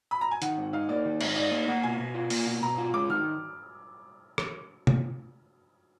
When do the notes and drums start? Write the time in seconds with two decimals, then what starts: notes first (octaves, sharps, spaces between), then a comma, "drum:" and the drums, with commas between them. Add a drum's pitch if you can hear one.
0.11 B5
0.21 A#5
0.31 G#5
0.42 D#3 F#5, drum: hi-hat
0.58 G#2
0.73 D#4 F5
0.89 A#3 D5
1.05 D#3
1.21 G#2, drum: cymbal
1.36 D#4 D5
1.51 A#3
1.68 A#3 F#5
1.83 B2 G#5
1.99 B2
2.14 F4
2.30 A#3, drum: open hi-hat
2.46 B2
2.62 B2 A#5
2.78 F4
2.94 G#3 D6
3.09 D#3 F6
4.38 drum: rim click
4.87 drum: tom